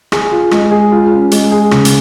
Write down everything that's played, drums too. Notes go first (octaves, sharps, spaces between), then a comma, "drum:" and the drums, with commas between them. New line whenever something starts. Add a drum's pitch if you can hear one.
G#4, drum: rim click
F4
G#3, drum: rim click
G#4
F4
C#4
G#3, drum: hi-hat
G#4
C#3, drum: rim click
drum: hi-hat